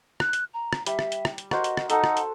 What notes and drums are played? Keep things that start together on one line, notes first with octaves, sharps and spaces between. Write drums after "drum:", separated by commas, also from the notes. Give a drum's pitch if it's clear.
F#6, drum: rim click
drum: hi-hat
A#5
drum: rim click
G3 E5, drum: hi-hat
drum: rim click
drum: hi-hat
drum: rim click
drum: hi-hat
F#4 A#4 C5 D#5, drum: rim click
drum: hi-hat
drum: rim click
D#4 A4 F#5 A5, drum: hi-hat
drum: rim click
drum: hi-hat